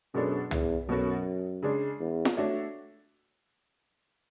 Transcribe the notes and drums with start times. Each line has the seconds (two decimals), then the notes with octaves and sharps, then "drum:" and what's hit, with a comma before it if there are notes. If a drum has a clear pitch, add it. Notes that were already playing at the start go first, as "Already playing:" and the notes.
0.14 F#2 B2 G#3 B3 D4 A4
0.51 E2, drum: tom
0.88 F#2 B2 F#3 B3 F#4 A4
1.62 C#3 G#3 D4
2.00 E2
2.25 drum: snare F4
2.37 A3 D4 F#4 C#5 E5